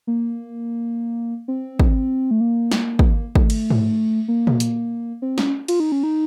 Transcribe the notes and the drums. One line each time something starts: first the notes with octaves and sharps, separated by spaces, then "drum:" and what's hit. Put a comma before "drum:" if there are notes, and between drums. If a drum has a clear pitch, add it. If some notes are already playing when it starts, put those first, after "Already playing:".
A#3
C4
drum: kick
A3
A#3
drum: snare
drum: kick
A3, drum: kick
drum: cymbal
drum: tom G#2
A#3
drum: tom A#2
drum: hi-hat
C4
C#4, drum: snare
F4, drum: cymbal
D#4
C#4
D#4